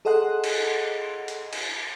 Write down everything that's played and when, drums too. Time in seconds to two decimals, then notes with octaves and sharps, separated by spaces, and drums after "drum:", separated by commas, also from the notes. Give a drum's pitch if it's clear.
0.05 G#4 A4 D#5 F#5 C6 F#6
0.44 drum: cymbal
1.28 drum: hi-hat
1.53 drum: cymbal